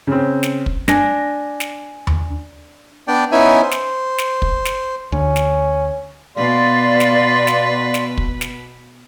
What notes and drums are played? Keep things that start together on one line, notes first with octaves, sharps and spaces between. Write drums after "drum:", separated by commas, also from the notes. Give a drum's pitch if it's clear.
C#3 C4
drum: snare
drum: kick
D4 G#5 A#6, drum: snare
drum: snare
drum: tom D#2
B3 D4 D5 G5
B3 C#4 D#4 E4 E5 G#5
C5
drum: snare
drum: snare
drum: kick
drum: snare
D2 C#4
drum: snare
B2 B3 B4 D5 F5 C6
drum: snare
drum: snare
drum: snare
drum: kick
drum: snare